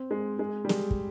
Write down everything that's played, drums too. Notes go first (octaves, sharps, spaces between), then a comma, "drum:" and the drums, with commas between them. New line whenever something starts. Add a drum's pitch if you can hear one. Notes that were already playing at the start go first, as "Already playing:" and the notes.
Already playing: C4
G#3
G#3
G3
G#3, drum: snare
drum: kick